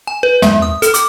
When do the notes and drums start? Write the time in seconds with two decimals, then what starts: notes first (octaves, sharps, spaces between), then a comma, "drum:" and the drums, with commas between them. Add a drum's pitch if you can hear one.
0.07 G#5
0.23 B4
0.42 G#3, drum: tom
0.62 D#6
0.82 A4, drum: hi-hat
0.94 D6, drum: hi-hat